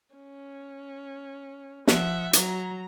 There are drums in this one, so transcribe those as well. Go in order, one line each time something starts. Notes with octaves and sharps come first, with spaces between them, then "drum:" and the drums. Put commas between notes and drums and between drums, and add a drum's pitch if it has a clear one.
C#4
F3 E5 F#5, drum: snare
F#3 A#5, drum: hi-hat